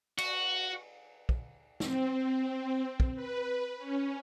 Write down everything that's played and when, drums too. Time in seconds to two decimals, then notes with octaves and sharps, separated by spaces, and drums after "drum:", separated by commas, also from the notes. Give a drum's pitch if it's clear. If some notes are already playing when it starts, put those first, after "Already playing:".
0.18 F#4, drum: cymbal
1.29 drum: kick
1.80 C4, drum: snare
3.00 drum: kick
3.15 B4
3.78 C#4